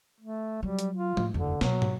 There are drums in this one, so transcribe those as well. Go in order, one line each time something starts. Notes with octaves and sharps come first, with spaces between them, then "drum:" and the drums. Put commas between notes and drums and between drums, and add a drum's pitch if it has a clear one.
A3
F#3 G3
drum: hi-hat
F4
A2, drum: tom
F#1 E2 D3
B2 F#3, drum: snare
drum: tom